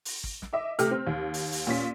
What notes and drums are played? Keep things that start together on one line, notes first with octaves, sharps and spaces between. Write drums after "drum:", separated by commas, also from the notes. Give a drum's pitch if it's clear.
drum: open hi-hat
drum: kick
drum: snare
D#5 E5 D6
C3 A3 G4 F6, drum: hi-hat
C4
D#2
drum: open hi-hat
drum: open hi-hat
A#2 C#4 B6